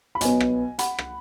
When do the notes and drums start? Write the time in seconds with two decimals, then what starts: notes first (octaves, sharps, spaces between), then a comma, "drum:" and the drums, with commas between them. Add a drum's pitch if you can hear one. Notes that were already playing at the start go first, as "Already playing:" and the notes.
0.15 B5
0.21 B1 B2 B3 D#5 G#5, drum: hi-hat
0.40 drum: rim click
0.79 F#5 B5, drum: hi-hat
0.98 drum: rim click